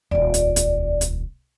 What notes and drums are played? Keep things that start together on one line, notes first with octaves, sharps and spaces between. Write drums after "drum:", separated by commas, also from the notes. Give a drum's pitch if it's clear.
D#1 C#2 D5
drum: hi-hat
drum: hi-hat
drum: hi-hat